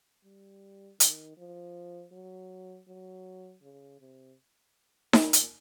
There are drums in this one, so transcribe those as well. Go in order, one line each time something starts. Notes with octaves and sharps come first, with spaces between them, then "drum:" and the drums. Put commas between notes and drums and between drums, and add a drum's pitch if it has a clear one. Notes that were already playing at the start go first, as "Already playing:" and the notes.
G3
D#3, drum: hi-hat
F3
F#3
F#3
C#3
C3
A#2, drum: snare D#4
drum: hi-hat